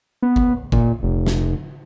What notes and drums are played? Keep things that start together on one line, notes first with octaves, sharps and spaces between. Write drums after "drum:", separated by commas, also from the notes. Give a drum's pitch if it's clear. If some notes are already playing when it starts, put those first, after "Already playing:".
B3
drum: kick G1
A#2, drum: kick G1
F1
drum: snare